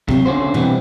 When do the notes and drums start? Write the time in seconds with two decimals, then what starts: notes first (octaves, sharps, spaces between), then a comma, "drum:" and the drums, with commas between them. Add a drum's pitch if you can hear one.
0.09 C3 F#3, drum: kick
0.25 D3 C#4 F#4 C5
0.54 B2 E3 G3 B3 C4, drum: tom